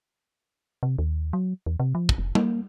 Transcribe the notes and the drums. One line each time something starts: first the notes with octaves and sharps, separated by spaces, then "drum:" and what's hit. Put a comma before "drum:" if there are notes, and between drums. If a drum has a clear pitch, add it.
C3
D#2
F#3
E2
C3
F3
drum: kick
F1
A#3, drum: tom G3